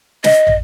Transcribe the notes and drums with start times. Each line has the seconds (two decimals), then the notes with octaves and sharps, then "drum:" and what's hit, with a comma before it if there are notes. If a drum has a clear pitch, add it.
0.24 D#5, drum: snare
0.47 drum: tom